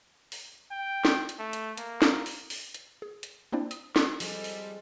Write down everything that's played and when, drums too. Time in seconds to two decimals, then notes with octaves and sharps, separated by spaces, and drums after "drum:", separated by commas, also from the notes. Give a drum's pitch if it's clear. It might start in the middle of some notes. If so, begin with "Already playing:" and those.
0.32 drum: open hi-hat
0.71 G5
1.05 drum: snare
1.29 drum: hi-hat
1.39 A3
1.53 drum: hi-hat
1.77 A#3, drum: hi-hat
2.02 drum: snare
2.26 drum: open hi-hat
2.50 drum: open hi-hat
2.74 drum: hi-hat
3.02 G#4
3.23 drum: hi-hat
3.52 A#3 C4 D4 E4 C5 D5
3.71 D#6, drum: hi-hat
3.96 drum: snare
4.20 F3 G3 G#3 C4 A4, drum: open hi-hat
4.44 drum: open hi-hat